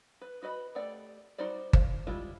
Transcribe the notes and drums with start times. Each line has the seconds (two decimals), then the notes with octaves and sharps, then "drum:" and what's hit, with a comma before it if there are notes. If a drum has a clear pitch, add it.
0.21 B4
0.43 F#4 B4 D#5 B5
0.75 A3 G4 D5 G5
1.38 G3 D#4 F#4 C5 D5
1.73 C5 F5, drum: kick G1
2.07 G3 G#3 E4 F4